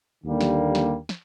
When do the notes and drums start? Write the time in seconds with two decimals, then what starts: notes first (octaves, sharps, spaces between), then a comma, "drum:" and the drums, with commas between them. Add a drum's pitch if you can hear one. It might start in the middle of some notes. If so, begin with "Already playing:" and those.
0.23 D#2 D3 G3 A#3
0.41 drum: snare
0.75 drum: snare
1.09 drum: snare